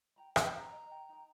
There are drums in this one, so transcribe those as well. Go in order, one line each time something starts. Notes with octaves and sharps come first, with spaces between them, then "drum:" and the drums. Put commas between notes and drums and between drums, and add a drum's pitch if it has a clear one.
G5 A#5 B5
F#5, drum: rim click
A#5
D#5
G5
D#4 G5